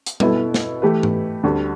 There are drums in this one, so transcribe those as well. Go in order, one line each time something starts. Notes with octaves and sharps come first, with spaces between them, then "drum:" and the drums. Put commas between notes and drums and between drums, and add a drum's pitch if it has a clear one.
drum: hi-hat
B2 B3 E4 A4, drum: tom G3
drum: snare
E3 A3 G4 B4
drum: tom G#2
D2 D3 G3